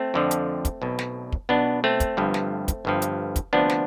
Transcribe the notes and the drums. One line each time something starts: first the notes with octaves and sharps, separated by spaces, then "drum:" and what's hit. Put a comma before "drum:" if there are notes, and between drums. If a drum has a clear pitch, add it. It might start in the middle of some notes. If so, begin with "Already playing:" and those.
Already playing: A3 C4
F2 D3 F3
drum: hi-hat
drum: kick, hi-hat
B1 B2
drum: snare
drum: kick
B1 B2 B3 D4
A3 C4
drum: kick, hi-hat
G1 G2 F3
drum: snare
drum: kick, hi-hat
G1 G2 F3
drum: hi-hat
drum: kick, hi-hat
D2 C3 F3 B3 D4
drum: snare